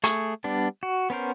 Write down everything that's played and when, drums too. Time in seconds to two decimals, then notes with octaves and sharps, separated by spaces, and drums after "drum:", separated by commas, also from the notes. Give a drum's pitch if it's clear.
0.04 A3 G#4 C#6, drum: hi-hat
0.44 G3 B3 D4
0.83 F#4
1.10 B3 C#4 A#4 C5